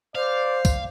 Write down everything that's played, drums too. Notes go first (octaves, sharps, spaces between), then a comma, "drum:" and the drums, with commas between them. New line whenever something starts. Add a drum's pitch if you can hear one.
C5 D5 F5
drum: kick, tambourine